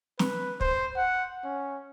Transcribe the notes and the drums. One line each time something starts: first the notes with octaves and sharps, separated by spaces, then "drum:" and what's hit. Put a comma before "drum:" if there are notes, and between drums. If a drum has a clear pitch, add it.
B4, drum: snare
C5, drum: kick
F#5
C#4